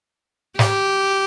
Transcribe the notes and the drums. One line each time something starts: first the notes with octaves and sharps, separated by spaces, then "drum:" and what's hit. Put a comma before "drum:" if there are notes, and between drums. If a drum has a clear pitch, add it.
G4, drum: snare